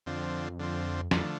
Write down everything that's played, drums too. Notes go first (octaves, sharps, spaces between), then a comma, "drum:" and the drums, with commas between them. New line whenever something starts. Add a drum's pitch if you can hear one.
F2 D3 F3 C4
D3 F3 C4
F2 D3 F3 A3, drum: snare